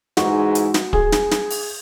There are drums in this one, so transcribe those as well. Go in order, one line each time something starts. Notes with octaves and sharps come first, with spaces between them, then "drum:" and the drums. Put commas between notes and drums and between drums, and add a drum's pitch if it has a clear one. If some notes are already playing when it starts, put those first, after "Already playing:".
G#2 E3 G#3 D#4 F#4, drum: snare
drum: hi-hat
drum: snare
G#4, drum: kick
drum: snare
drum: snare
drum: open hi-hat